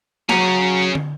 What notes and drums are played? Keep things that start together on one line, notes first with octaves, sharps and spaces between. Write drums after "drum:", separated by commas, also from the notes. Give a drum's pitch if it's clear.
F#3 C#4 G#4 F#5 A#5, drum: snare
drum: tom